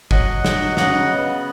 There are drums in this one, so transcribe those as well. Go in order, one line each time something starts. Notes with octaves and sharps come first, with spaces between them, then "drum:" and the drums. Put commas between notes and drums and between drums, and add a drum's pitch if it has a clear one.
F#3 D#5 F#5, drum: kick G1
F#3, drum: snare
C#3 D#5 F#5, drum: snare
B3